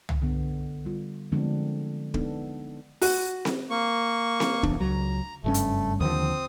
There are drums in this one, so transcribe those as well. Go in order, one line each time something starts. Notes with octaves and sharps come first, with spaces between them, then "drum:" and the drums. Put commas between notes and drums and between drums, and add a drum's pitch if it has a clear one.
drum: tom C2
D3 B3
G3 F4
D3 F3 G#3 B3 C4 D4
B3 D4 D#4 A4, drum: kick
F#4, drum: open hi-hat
drum: snare C4
A#3 C#6
drum: snare C4
F1 E2 D4, drum: kick
C#2 F#3 A#5
F#1 G2 A3 C#4
drum: hi-hat
D#2 D3 F3 C4 D#6